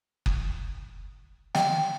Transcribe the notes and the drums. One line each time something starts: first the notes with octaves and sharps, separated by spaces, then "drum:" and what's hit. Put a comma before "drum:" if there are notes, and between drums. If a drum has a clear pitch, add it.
drum: kick F#1
G5, drum: snare